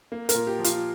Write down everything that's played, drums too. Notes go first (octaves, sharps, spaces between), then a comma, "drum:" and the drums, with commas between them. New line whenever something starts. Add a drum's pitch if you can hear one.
A#3
A#4, drum: hi-hat
A#2
G4
F3
F4, drum: hi-hat